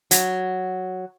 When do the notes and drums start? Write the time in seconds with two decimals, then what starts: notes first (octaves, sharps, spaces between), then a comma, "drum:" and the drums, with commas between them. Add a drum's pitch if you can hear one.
0.11 F#3, drum: hi-hat